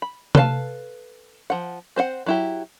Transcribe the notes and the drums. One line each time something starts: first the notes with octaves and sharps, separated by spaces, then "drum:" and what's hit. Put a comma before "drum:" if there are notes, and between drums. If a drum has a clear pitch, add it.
B5
A4 B4 C5 F5 A5, drum: tom C3
F3 F#5
C4 C5 D5 F#5
F#3 E4 G4